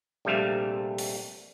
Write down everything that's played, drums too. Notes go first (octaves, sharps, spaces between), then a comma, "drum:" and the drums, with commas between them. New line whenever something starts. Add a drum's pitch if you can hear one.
A#1 C3 G3 A3 E5 F5
drum: open hi-hat